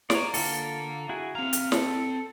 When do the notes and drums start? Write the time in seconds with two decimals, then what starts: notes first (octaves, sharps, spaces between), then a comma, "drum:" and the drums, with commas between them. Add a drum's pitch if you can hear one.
0.10 C#5 D5 F5 A#5, drum: snare
0.34 D3 F4 A4, drum: open hi-hat
1.09 E4 F#4 G#4
1.35 C4 F5 A#5
1.53 drum: hi-hat
1.72 A4, drum: snare